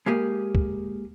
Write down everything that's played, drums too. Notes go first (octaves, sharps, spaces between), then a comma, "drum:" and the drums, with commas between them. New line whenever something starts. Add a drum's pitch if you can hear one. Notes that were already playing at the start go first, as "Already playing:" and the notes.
G#3 A#3 G4 G#4
drum: kick